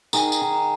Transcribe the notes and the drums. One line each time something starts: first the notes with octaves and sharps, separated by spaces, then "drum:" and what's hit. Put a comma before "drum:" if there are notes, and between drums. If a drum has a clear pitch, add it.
D#3 G#4, drum: tambourine
drum: tambourine
D#3